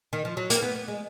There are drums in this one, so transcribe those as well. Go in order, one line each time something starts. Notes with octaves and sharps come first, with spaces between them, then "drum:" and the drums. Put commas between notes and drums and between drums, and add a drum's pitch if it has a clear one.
D#3
F3
F#3
A#3, drum: hi-hat
B3
B3
G#3